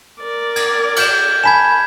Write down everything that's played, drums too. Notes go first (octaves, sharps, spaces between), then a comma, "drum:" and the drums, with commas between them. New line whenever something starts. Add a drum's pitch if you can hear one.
A#4 D5
G#6, drum: cymbal
F6 G6 E7, drum: cymbal
G#5 A5 B5 G#6 B6 E7